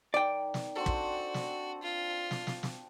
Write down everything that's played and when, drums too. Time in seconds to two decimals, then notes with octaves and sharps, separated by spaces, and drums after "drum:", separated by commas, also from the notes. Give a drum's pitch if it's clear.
0.14 D#3 D5 G5
0.54 drum: snare
0.76 C4 D4 F#4 A4
0.86 drum: kick
1.34 drum: snare
1.82 F4
2.31 drum: snare
2.47 drum: snare
2.63 drum: snare